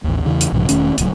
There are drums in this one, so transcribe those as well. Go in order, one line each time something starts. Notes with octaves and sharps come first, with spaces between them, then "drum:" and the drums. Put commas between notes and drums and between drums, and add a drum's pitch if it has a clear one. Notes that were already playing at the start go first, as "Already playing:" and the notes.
A1 D#2
E2 C#3 E3
drum: hi-hat
B1 G#2 C#3 F3
E1 D#3 A3 C#4, drum: hi-hat
D1 C#2 C#3 F#3, drum: hi-hat